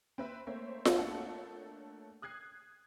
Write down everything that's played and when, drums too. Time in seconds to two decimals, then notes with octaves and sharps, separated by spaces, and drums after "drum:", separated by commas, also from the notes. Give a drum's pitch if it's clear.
0.18 C4 B4 E5
0.47 A3 A#3 C4 C5 C#5 E5
0.85 drum: snare F4
0.97 A3 A#3 D4 A4 C#5 F#5
2.22 D#6 F#6 G#6 C7